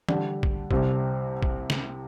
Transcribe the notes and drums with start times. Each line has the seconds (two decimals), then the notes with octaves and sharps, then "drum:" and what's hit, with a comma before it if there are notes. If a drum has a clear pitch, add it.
0.09 D3 G3 D4, drum: tom E3
0.43 drum: kick
0.71 C2 C3 G3 C4, drum: kick
1.43 drum: kick
1.70 drum: snare